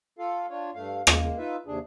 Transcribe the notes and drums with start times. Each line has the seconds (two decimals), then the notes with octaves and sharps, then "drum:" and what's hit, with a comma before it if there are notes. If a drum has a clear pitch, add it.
0.19 F4 A4 F5
0.50 D4 F4 C#5
0.75 G2 A3 F5
1.07 G#3 A#3, drum: rim click
1.38 D#4 F4 B4 E5
1.67 D#2 C3 D4 G#4